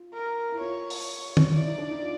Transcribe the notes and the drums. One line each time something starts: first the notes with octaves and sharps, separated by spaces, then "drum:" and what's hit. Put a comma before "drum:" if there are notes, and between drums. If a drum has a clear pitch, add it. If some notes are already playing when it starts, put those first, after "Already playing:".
Already playing: F4
A#4
E4
F4 C#5
drum: open hi-hat
drum: tom D#3
E4 D5
D#4
D4
D#4
F4